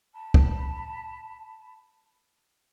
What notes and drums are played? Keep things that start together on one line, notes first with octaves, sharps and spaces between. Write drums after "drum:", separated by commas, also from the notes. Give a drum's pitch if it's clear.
A5 B5
drum: kick